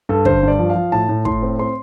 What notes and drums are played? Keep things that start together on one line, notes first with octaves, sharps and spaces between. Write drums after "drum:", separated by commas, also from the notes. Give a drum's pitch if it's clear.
G2 A4
D3 C5, drum: kick
G2 D5
F3
F5
F3
A2 A5
A2
A2 C6, drum: kick
C4
C4 C6